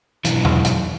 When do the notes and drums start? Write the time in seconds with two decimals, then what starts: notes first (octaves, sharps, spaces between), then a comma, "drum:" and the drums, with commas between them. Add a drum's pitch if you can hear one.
0.25 B1 E3, drum: hi-hat
0.45 drum: tom E2
0.65 drum: hi-hat